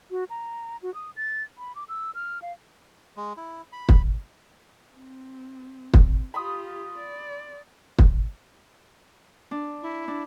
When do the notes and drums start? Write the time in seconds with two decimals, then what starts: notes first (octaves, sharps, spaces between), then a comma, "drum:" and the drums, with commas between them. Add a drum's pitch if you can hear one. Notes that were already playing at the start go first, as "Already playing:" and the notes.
0.11 F#4
0.30 A#5
0.83 F#4
0.94 D#6
1.16 A6
1.58 B5
1.75 D6
1.89 E6
2.15 F6
2.42 F5
3.17 G#3
3.37 E4
3.72 B5
3.89 drum: kick
4.95 C4
5.94 drum: kick
6.34 F4 G4 B5 C6 D#6
6.98 D5
7.99 drum: kick
9.51 D4
9.82 E4
10.08 D4